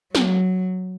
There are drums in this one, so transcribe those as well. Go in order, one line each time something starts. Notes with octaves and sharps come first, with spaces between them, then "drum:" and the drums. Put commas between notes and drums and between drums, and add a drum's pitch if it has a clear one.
F#3, drum: snare